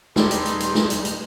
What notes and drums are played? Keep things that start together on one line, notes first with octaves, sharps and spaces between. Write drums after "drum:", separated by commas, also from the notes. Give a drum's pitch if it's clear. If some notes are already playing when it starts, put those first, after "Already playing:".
D#1 G3 D#4 G4 G#4 B4 D5 C6, drum: snare
drum: hi-hat
drum: hi-hat
drum: hi-hat
drum: snare
drum: hi-hat
drum: hi-hat